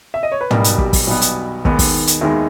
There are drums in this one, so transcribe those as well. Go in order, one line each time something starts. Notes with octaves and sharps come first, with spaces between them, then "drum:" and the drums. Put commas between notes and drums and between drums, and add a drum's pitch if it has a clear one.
E5
D#5
C#5
B4
B1 B2 G3 B3 A#4, drum: tom
drum: hi-hat
G4, drum: kick
drum: kick, open hi-hat
B1 B2 G3 B3
drum: hi-hat
D#2 D#3 G#3 B3, drum: kick
drum: kick, open hi-hat
drum: hi-hat
D#2 D#3 G#3 B3 E5